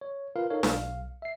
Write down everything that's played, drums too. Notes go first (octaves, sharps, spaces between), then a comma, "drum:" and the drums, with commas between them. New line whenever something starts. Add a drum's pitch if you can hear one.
C#5
F4 A#4 B4 F5
D#4 A4 A#4 C#5 F5
B1 F5, drum: snare D4
E5 C7